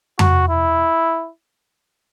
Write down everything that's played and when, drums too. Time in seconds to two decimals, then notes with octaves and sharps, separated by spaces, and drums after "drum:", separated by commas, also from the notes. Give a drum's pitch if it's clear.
0.19 F#4, drum: tom F2
0.49 E4